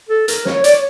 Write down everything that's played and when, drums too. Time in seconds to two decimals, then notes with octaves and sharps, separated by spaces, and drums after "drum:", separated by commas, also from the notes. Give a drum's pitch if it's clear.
0.09 A4
0.28 A#4, drum: hi-hat
0.46 C#5, drum: snare
0.64 D5, drum: hi-hat
0.73 C#5